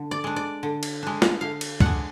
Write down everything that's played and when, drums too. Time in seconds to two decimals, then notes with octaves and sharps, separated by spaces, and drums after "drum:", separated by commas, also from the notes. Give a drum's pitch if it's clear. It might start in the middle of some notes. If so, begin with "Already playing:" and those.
Already playing: D3
0.11 D5
0.24 G#3 D4
0.36 D5
0.63 D3
0.83 drum: cymbal
1.03 G#3 D4
1.22 drum: snare
1.41 D3 F5
1.61 drum: cymbal
1.81 G#3 D4 F#5, drum: kick